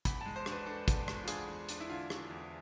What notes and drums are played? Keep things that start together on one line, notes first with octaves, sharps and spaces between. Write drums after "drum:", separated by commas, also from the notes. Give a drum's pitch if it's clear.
E2 B5, drum: kick, hi-hat
G#3 A5
C5
D4, drum: rim click
B4
D4 A4
E2, drum: kick, hi-hat
G#3, drum: rim click
F4
D4 G#4, drum: hi-hat
E2
D4, drum: hi-hat
E4
D3 F4
D4, drum: rim click
E2